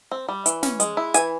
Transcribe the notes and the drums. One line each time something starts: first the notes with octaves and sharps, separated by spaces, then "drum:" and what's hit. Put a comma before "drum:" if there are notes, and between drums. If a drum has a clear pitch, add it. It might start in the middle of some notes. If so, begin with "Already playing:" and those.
C4
G3
E3, drum: hi-hat
C#4, drum: snare
G#3, drum: hi-hat
E4
E3 G#5, drum: hi-hat